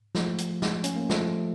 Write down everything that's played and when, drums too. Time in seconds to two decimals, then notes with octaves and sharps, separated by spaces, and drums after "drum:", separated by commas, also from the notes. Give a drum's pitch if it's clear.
0.15 F3 A3, drum: snare
0.38 drum: hi-hat
0.62 drum: snare
0.84 C#4, drum: hi-hat
0.96 A#3
1.10 F3 A3, drum: snare